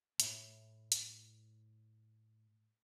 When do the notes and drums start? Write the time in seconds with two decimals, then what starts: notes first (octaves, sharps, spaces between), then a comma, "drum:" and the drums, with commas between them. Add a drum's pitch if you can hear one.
0.20 A2 B5, drum: hi-hat
0.92 drum: hi-hat